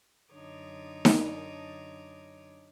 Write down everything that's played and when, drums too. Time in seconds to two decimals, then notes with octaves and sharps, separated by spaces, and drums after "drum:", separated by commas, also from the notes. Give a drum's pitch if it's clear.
0.33 F#2 D3 D#4 C#5 D6 D#6
1.05 drum: snare D#4